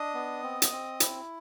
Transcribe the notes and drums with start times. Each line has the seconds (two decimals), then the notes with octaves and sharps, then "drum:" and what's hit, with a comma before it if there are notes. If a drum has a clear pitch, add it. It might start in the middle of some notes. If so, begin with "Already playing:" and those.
Already playing: D4 D#5 D#6
0.14 B3
0.43 C4
0.62 drum: hi-hat
0.72 C4
1.00 E4, drum: hi-hat